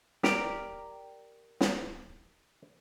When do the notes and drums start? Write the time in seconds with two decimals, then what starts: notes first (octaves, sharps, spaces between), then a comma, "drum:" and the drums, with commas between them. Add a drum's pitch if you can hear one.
0.23 G4 A#4 D5, drum: snare
1.61 drum: snare